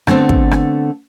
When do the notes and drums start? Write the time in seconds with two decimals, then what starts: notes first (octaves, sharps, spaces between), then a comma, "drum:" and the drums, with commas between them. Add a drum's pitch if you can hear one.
0.07 D3 A3 B3 C4, drum: rim click
0.29 drum: kick
0.51 drum: rim click